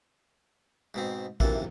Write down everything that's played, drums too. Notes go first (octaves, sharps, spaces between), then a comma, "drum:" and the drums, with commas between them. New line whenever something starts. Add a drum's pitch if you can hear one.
G#2 B2 C4
A#1 F#2 C3 E3 A4, drum: kick A#1